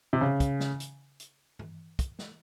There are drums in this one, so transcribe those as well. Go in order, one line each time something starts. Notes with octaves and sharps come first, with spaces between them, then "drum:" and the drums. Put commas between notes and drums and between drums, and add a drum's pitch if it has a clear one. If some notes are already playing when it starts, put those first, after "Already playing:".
C3
C#3
drum: kick, hi-hat
drum: snare
drum: hi-hat
drum: hi-hat
drum: tom G2
drum: kick, hi-hat
drum: snare